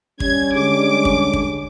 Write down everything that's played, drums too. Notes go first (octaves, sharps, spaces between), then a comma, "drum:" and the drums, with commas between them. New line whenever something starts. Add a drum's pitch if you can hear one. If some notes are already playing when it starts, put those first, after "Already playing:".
G3 C#4 G#6, drum: kick
D3 G#3 D6
drum: kick
drum: kick